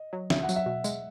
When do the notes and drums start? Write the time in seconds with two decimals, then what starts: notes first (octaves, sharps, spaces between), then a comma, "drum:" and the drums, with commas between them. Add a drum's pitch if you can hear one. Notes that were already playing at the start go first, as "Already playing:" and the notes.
Already playing: D#5
0.13 F#3
0.30 C#3 E5, drum: snare
0.43 F#5
0.49 F#3, drum: tambourine
0.56 E5
0.66 B2
0.84 G#3, drum: tambourine